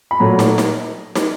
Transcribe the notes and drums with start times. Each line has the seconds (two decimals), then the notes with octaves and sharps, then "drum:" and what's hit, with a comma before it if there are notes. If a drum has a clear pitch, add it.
0.11 B5
0.20 A#2 F#3 A3 A#5
0.39 drum: snare
0.58 drum: snare
1.15 drum: snare